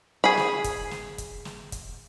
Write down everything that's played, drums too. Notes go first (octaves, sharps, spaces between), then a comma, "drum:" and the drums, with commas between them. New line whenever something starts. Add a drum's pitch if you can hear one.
G#4 B5
drum: snare
drum: kick, hi-hat
drum: snare
drum: kick, hi-hat
drum: snare
drum: kick, hi-hat